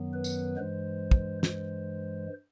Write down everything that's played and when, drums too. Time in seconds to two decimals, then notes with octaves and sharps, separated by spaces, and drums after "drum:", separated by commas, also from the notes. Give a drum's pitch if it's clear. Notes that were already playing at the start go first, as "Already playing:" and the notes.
Already playing: F#2 D#3 F#3 B3
0.14 B4
0.24 drum: tambourine
0.56 G2 E3 G#3 C5
1.11 drum: kick
1.43 C5, drum: snare